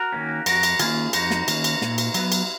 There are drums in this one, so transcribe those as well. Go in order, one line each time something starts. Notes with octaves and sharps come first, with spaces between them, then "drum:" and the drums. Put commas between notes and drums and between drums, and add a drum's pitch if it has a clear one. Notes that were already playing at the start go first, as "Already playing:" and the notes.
Already playing: F#4 A#4
D#3 A#3 C#4
F2 F#4 A#4, drum: cymbal
drum: cymbal
D#3 A#3 C#4 F4 G#4, drum: cymbal
F2 D#4 F#4, drum: cymbal
drum: snare
D#3 A#3 C#4, drum: cymbal
drum: cymbal
A#2, drum: snare
drum: cymbal
F#3 B3, drum: cymbal
drum: cymbal